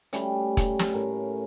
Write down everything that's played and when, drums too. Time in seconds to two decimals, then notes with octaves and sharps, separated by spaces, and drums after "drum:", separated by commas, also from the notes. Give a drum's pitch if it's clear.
0.13 G3 A3 C#4, drum: hi-hat
0.57 drum: kick E1, hi-hat
0.79 drum: snare
0.94 A2 A#4